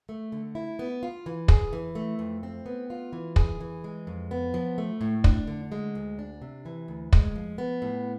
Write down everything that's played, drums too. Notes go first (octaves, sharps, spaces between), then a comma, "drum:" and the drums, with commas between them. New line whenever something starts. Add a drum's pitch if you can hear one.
A3
D3
E4
B3
F4
E3
G#4, drum: kick
E3
A3
F2
C4
B3
F4
E3
G#4, drum: kick
E3
G#3
F2
B3
F3
A3
A2
D4, drum: kick
D3
G#3
D2
D4
C3
E3
D2
G#3, drum: kick
F3
B3
A2